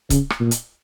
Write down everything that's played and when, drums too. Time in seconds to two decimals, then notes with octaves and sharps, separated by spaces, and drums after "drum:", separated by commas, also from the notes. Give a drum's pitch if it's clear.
0.10 C#3, drum: kick C#1, hi-hat
0.30 drum: rim click
0.40 A#2
0.51 drum: hi-hat